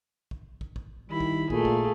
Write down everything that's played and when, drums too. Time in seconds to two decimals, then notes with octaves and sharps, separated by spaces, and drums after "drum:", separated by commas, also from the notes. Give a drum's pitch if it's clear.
0.31 drum: kick
0.61 drum: kick
0.76 drum: kick
1.09 D#3 G3 E4 B5
1.20 drum: kick
1.50 A#2 A3 G#4, drum: kick
1.65 drum: kick